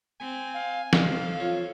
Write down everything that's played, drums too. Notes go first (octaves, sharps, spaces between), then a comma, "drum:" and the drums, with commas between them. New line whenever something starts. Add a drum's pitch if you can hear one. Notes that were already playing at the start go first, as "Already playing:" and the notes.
C4 G#5
F5
F3 A4 F5, drum: snare
F4 C#5